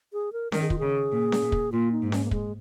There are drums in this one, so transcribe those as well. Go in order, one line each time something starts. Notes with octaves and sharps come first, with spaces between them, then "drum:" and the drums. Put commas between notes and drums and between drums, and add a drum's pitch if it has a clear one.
G#4
A#4
D#3 A#4, drum: snare C#4
G#4
F4, drum: kick
C#3 G#4
A#2
drum: snare C#4
A#2
drum: kick
A#2 F4
D#4
G#2
C#4, drum: snare C#4
A#3
G#3, drum: kick